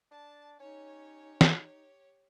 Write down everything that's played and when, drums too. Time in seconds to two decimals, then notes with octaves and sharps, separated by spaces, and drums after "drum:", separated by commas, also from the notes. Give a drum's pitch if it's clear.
0.11 D4 A5
0.60 C#4 D#4 G4 C#5
1.41 drum: snare